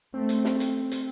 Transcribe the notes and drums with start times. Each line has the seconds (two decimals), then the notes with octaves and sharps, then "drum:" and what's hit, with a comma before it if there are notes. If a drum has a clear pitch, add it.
0.14 A3 C4
0.29 drum: hi-hat
0.45 drum: snare
0.60 drum: hi-hat
0.92 drum: hi-hat